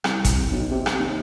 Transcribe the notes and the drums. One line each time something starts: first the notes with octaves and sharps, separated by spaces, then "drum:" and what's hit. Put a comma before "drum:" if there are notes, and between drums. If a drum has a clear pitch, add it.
C2, drum: rim click
drum: kick G#1, hi-hat
B1
C3
drum: rim click
D#2